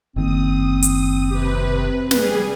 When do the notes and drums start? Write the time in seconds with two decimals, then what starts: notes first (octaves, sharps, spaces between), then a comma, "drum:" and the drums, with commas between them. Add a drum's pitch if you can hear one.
0.16 F#1 D#3 A#3 C4 D#6
0.82 drum: hi-hat
1.31 C3 G4 B4
2.11 G3 G#4 B4, drum: snare